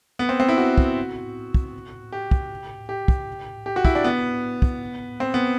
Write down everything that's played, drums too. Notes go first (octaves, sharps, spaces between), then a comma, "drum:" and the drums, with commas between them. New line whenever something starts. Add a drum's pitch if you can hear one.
B3
C4
C4
E4
F#4
drum: kick
drum: kick
G4
drum: kick
G4
drum: kick
G4
F#4
E4, drum: kick
D4
B3
drum: kick
C4
B3